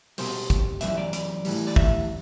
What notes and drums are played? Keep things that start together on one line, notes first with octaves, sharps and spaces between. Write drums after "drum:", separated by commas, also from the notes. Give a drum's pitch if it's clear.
B2 G3 C5, drum: open hi-hat
drum: kick, hi-hat
F#2 E3 G3 E5, drum: hi-hat
D5
D5, drum: hi-hat
A2 E3 G3, drum: open hi-hat
D5
E5, drum: kick